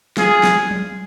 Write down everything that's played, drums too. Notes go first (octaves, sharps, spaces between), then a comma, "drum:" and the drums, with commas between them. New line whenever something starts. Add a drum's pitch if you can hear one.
F4 G#4, drum: snare
drum: snare
drum: tom F#3